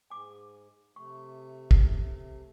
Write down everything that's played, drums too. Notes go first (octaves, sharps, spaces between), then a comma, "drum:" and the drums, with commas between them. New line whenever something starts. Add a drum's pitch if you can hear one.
G#2 G#5 D6
C3 A3 C#6
drum: kick